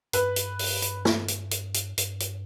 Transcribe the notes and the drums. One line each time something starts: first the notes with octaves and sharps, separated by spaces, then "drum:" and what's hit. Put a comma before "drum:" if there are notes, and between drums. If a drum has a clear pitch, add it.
G2 B4, drum: hi-hat
drum: hi-hat
drum: open hi-hat
drum: hi-hat
drum: snare
drum: hi-hat
drum: hi-hat
drum: hi-hat
G2, drum: hi-hat
drum: hi-hat